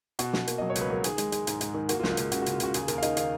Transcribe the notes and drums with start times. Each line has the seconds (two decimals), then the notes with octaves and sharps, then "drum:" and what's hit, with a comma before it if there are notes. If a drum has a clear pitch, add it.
0.19 B2 F#4, drum: hi-hat
0.33 B2, drum: snare
0.47 A#3, drum: hi-hat
0.58 F#3 D#5
0.70 C#5
0.75 C#2, drum: hi-hat
0.81 B4
0.90 F#3 A#4
1.04 D#3 G#4, drum: hi-hat
1.18 G#3, drum: hi-hat
1.32 G#3, drum: hi-hat
1.47 G#2, drum: hi-hat
1.61 G#2, drum: hi-hat
1.74 D#3
1.89 A#3 F#4, drum: hi-hat
2.00 F4
2.03 C#2, drum: snare
2.11 F4
2.17 C#2, drum: hi-hat
2.32 C#3 F#4, drum: hi-hat
2.42 F#4
2.46 C#3, drum: hi-hat
2.53 F4
2.60 C#3 F#4, drum: hi-hat
2.74 D#2 G#4, drum: hi-hat
2.88 D#2 A#4, drum: hi-hat
2.98 F5
3.02 D#3 D#5, drum: hi-hat
3.17 D#3 F5, drum: hi-hat